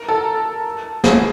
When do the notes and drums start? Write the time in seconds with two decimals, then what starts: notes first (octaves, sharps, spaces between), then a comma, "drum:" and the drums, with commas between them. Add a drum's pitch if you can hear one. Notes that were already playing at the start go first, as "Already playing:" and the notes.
Already playing: A#4
0.08 A4
1.04 G#4, drum: snare